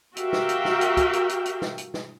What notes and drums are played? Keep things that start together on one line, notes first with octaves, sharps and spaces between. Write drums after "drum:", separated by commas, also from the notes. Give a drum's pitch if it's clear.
F#4 G4 A#4 E5 F5 G5, drum: hi-hat
drum: snare
drum: hi-hat
drum: snare
drum: hi-hat
drum: kick, hi-hat
drum: hi-hat
drum: hi-hat
drum: hi-hat
drum: snare
drum: hi-hat
drum: snare